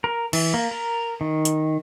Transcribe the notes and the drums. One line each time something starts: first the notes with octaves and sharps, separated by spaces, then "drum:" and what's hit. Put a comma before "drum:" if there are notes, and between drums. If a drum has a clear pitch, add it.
A#4
E3, drum: cymbal
A#3
A#4
D#3
drum: hi-hat